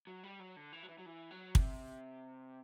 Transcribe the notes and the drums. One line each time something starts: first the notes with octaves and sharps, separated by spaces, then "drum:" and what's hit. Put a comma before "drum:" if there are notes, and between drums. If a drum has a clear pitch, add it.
F#3
G3
F#3
D3
E3
F#3
E3
F#3
E3
F#3
C3, drum: kick